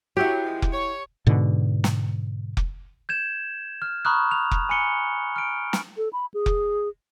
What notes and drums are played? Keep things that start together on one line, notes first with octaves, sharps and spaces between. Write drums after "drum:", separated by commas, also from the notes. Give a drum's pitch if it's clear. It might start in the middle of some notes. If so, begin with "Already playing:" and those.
F#3 E4 F#4 G4
F2 F3 G#3
drum: kick F1
C#5
G#2 B2 D3
drum: snare
drum: kick F1
G6 G#6 E7
F6
A#5 B5 C#6 D#6 F6 F#6
F7
drum: kick F1
G#5 B5 C#7 G7
F6 D7
drum: snare
A4
B5
G#4
drum: kick F1